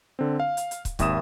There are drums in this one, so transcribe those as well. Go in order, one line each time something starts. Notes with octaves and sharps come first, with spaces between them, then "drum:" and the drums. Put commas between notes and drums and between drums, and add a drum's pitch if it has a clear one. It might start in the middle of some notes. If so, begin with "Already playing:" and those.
D3 C4
F5
drum: hi-hat
drum: hi-hat
drum: kick, hi-hat
G#1 D#2 E5 D#6 E7, drum: kick, hi-hat